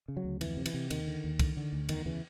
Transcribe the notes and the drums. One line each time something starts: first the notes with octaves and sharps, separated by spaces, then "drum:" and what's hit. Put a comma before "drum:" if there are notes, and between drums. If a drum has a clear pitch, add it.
C#3
F#3
D2
F2 E3, drum: cymbal
C3
E3, drum: cymbal
C3
D#2 D#3, drum: cymbal
D3
D#2
D3, drum: kick, cymbal
D3
D2
E2 D#3, drum: cymbal
C#3 E3